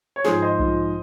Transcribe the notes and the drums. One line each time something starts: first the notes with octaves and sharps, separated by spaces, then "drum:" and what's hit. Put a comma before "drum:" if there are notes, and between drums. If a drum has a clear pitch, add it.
C#5
G#2 F3 G#4 C5, drum: snare
C5 D#5
G#2 F3, drum: kick B1